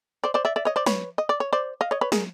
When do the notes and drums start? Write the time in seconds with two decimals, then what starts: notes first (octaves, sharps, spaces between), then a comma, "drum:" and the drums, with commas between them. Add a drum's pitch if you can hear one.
0.24 C5 D5
0.34 C5 D5
0.45 D5 E5
0.56 D5 E5
0.65 C#5 D#5
0.76 C5 D5
0.86 B4 C#5, drum: snare
1.18 D#5
1.29 D5
1.40 C#5
1.53 C5 D5
1.81 D#5 F5
1.91 C#5 D#5
2.01 B4 C#5
2.12 G#4 A#4, drum: snare